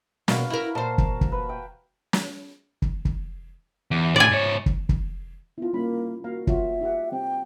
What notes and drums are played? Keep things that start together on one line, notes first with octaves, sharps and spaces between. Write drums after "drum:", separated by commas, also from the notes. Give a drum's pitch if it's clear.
B2 A#3 F#4 B4 F5, drum: snare
E4 A#4 B5
A#2 A#4 C5 A5
drum: kick
drum: kick
B4
G5
drum: snare
drum: kick
drum: kick
E2
A2 D5 G#5
G#2 C#5
drum: kick
drum: kick
B3 E4 F4
G3 A#3 C#4 B5
A#3 F#4 F5 A#5
F4 F#4 C#5 E5, drum: kick
D#4 G4 F#5
G3 C4 G4 G5